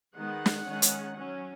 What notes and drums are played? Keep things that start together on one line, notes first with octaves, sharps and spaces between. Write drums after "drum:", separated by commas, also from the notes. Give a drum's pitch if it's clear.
D#3 G#3 B3 F#5
drum: snare
D#3 G#3 C#4
drum: hi-hat
F#3 C#4